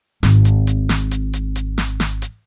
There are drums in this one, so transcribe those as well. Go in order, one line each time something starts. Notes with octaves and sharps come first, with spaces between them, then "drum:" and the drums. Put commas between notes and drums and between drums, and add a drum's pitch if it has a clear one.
G#1 C4, drum: snare
drum: hi-hat
drum: hi-hat
drum: snare
drum: hi-hat
drum: hi-hat
drum: hi-hat
drum: snare
drum: snare
drum: hi-hat